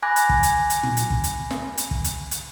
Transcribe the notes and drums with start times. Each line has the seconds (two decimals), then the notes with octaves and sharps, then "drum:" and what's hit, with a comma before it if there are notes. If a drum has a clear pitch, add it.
0.03 G#5 B5 D6 F#6 G#6 A#6
0.16 drum: hi-hat
0.29 drum: kick
0.43 drum: hi-hat
0.70 drum: hi-hat
0.83 drum: tom A#2
0.97 drum: hi-hat
1.10 drum: kick
1.24 drum: hi-hat
1.51 drum: snare
1.77 drum: hi-hat
1.91 drum: kick
2.04 drum: hi-hat
2.31 drum: hi-hat